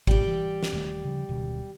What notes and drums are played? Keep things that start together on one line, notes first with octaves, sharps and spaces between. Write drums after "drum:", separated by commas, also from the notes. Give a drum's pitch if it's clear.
G#2 B2 G3 G4, drum: kick
E3
drum: snare
D#1 D#3 A3
C#3 F3
D1 B2 D#3